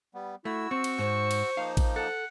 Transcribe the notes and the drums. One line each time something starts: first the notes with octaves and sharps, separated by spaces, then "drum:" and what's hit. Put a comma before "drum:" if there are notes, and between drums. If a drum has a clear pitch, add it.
G3 B3
A3 E4 F#4 E6
C4 C#6
drum: cymbal
G#2 C5
drum: cymbal
F3 A#3 D#4 F5
drum: kick A1, cymbal
A4 F#5